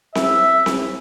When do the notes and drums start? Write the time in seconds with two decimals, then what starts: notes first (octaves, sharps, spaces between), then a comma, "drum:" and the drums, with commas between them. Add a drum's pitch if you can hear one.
0.15 E5, drum: snare C4
0.66 drum: snare C4